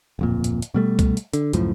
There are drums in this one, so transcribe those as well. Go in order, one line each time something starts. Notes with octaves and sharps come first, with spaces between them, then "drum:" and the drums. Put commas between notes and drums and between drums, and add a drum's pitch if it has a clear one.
D1 F2 A#2
drum: hi-hat
drum: hi-hat
B2 G3 A3
drum: kick, hi-hat
drum: hi-hat
D3, drum: hi-hat
C#2 F#2 A2 F3, drum: hi-hat